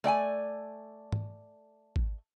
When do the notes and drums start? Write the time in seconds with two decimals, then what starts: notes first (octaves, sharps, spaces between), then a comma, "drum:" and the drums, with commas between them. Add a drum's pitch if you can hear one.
0.04 A3 D5 G5 G#5
1.12 drum: tom G#2
1.96 drum: kick G#1